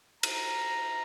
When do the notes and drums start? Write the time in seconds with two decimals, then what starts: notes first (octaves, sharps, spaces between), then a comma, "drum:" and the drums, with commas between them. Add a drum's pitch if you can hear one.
0.23 A#5, drum: cymbal